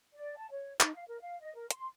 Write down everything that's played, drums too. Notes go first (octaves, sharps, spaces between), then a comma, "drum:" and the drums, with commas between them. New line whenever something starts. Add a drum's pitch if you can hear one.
D5
A5
C#5
D#4, drum: clap
F5
A#4
F5
D#5
A#4
C6, drum: hi-hat